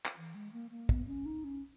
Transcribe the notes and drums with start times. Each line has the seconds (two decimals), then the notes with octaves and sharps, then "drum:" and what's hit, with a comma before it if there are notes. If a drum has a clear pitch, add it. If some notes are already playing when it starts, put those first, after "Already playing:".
0.05 drum: clap
0.17 E3
0.35 G#3
0.53 A#3
0.71 A#3
0.89 B3, drum: kick
1.07 C#4
1.25 D#4
1.44 C#4